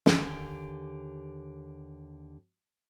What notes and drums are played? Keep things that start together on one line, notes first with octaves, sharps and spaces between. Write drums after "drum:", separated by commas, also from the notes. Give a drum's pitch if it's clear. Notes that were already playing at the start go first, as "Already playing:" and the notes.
D#2 D3 G4 G#5, drum: snare